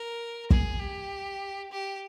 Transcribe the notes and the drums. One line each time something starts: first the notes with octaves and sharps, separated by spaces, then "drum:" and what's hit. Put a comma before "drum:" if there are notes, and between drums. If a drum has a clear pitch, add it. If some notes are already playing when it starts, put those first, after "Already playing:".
Already playing: A#4
G#4, drum: kick
G4
G4